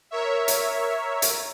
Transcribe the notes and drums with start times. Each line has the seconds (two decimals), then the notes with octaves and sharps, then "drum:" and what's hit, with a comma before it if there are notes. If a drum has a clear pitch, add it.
0.11 A#4 C#5 E5
0.48 drum: hi-hat
1.22 drum: hi-hat